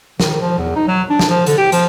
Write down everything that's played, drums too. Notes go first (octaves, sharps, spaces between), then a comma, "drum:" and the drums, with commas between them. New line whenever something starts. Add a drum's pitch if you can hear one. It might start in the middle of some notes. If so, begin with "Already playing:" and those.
D#3, drum: snare
F3
E2
D#4
F#3
D4
drum: snare
F3
D3, drum: hi-hat
G4
F3, drum: hi-hat